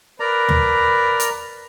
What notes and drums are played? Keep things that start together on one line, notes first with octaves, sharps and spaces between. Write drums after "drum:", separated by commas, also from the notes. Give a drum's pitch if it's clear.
A#4 B4 D5 A#5
drum: tom
drum: hi-hat